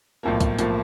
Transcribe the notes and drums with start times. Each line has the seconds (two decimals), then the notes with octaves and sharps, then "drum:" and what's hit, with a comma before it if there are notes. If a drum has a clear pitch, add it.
0.23 B1 A2 F3 A#3
0.41 drum: kick C2, hi-hat
0.59 A2 F3 A#3, drum: hi-hat